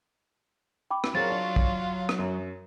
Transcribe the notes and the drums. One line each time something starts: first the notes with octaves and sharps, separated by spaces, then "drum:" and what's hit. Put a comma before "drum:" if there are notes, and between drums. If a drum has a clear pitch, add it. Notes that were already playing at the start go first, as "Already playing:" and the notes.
G5 B5 D6
drum: rim click
F#3 C4 F4 G#4 A#4 C#5 A6
D4
drum: kick
drum: rim click
F#2